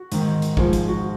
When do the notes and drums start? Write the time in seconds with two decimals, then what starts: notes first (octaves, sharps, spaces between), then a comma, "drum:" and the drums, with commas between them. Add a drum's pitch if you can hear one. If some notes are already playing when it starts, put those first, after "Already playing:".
Already playing: F#4
0.12 G#2 D#3, drum: hi-hat
0.42 drum: hi-hat
0.57 G#2 F3 G#4, drum: kick A1
0.73 drum: hi-hat
0.88 F#4